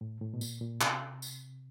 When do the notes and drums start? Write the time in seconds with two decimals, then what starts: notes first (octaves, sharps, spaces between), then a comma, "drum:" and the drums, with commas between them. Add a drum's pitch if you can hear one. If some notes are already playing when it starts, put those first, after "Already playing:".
0.01 A2
0.21 A2
0.34 B2
0.41 A#2, drum: tambourine
0.61 A#2
0.81 C3, drum: clap
1.22 drum: tambourine